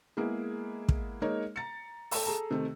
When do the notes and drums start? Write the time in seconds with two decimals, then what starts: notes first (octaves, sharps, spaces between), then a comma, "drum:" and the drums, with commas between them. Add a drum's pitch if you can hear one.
0.17 G#3 A#3 B3 E4 G#4
0.89 drum: kick
1.22 G#3 A#3 D#4 A#4 C#5
1.56 A#5 A6 C#7
2.11 A4 G5 E6, drum: open hi-hat
2.24 G#4 A4 A5 A#5
2.51 C3 D#3 A3